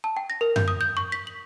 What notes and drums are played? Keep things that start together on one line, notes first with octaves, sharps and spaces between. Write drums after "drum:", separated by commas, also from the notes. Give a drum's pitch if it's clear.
A5
G5
A#6
A#4
G6, drum: tom F#2
D#6
G6
C#6
B6
F#7